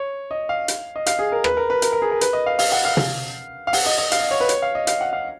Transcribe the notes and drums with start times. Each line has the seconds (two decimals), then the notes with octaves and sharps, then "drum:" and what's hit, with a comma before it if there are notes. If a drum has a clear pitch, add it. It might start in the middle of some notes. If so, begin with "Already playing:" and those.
Already playing: C#5
0.31 D#5
0.49 F5
0.68 drum: hi-hat
0.96 D#5
1.06 F5, drum: hi-hat
1.19 G#4
1.32 A#4
1.44 B4, drum: rim click
1.57 A#4
1.70 B4
1.82 A#4, drum: hi-hat
1.92 A#4
2.02 G#4
2.11 A#4
2.21 B4, drum: hi-hat
2.33 D#5
2.46 F5
2.59 F5, drum: open hi-hat
2.72 F#5
2.85 F5
2.97 drum: tom
3.67 F5
3.73 F#5, drum: open hi-hat
3.86 D#5
3.98 D#5
4.12 F5, drum: hi-hat
4.20 D#5
4.31 C#5
4.40 B4
4.49 C#5, drum: hi-hat
4.62 F5
4.75 D#5
4.87 F5, drum: hi-hat
5.01 F#5
5.13 F5